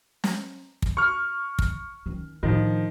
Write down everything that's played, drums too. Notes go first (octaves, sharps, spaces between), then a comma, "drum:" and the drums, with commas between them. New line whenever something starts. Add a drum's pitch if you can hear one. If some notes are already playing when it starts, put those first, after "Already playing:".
drum: snare
drum: kick
C#6 F6
drum: kick
D#3 C#4
A2 D#3 F3 D4